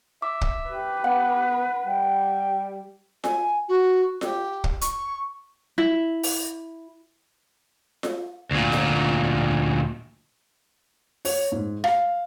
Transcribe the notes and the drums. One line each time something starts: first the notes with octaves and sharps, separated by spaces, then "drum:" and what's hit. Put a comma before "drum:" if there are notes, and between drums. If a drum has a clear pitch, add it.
E5 D6
drum: kick
G4 B4
B3 F#5
G3 G5
G#5, drum: snare F4
F#4
G4, drum: snare F4
drum: kick
C#6, drum: hi-hat
E4
drum: open hi-hat
drum: snare F4
D2 A#2
drum: snare F4
C#5, drum: open hi-hat
G#2
F5, drum: rim click